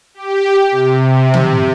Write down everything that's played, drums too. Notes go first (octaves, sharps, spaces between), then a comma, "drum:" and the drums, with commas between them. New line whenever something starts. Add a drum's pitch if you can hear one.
G4
C3
drum: tom